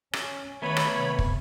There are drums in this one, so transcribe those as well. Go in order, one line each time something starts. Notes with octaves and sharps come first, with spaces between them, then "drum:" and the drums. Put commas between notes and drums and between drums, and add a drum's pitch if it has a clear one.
C#4, drum: rim click
D#3 A3 B3 B4 C#5 B5
drum: rim click
C3
drum: kick